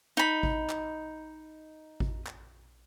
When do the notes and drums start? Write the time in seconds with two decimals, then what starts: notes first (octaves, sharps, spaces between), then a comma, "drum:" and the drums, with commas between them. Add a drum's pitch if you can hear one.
0.17 D#4 B5
0.43 drum: kick G#1
0.69 drum: clap
2.00 drum: kick G#1
2.27 drum: clap